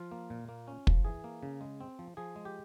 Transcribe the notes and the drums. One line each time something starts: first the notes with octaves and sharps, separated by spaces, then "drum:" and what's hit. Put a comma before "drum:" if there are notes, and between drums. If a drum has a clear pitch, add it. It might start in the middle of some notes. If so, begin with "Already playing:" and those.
Already playing: F3 F4
A#3
A#2
A#3
C#4
F3, drum: kick
E3 G#4
A#3
C#3
G#3
C4
F3
F3 G#4
G#3
G4